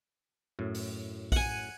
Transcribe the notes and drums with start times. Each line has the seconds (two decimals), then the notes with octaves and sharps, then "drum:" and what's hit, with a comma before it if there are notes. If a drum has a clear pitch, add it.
0.59 F#2 A2
0.75 drum: open hi-hat
1.32 F#5 G#5, drum: kick A#1, open hi-hat